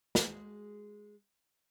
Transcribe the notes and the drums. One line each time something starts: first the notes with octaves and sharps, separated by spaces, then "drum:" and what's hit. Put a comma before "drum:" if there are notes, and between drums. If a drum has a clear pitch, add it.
G#3 F#4 G#4, drum: snare